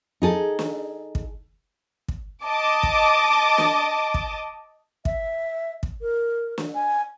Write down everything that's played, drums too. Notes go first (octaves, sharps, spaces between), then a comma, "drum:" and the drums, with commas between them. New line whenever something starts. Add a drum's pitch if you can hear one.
D#4 G#4 A4
drum: snare
drum: kick
drum: kick
D#5 A5 D6
drum: kick
drum: snare
drum: kick
E5, drum: kick
drum: kick
A#4
drum: snare
G#5